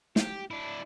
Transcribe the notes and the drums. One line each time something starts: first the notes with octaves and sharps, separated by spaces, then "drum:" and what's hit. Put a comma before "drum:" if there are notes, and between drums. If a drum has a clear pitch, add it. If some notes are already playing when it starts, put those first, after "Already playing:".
G4, drum: snare
D4 E4